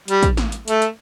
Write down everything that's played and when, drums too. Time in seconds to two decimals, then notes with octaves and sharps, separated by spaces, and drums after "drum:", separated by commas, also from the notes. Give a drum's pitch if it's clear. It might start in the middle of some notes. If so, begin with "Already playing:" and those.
0.08 G3, drum: hi-hat
0.23 drum: kick, hi-hat
0.37 drum: snare
0.52 drum: hi-hat
0.68 A3, drum: hi-hat
0.82 drum: hi-hat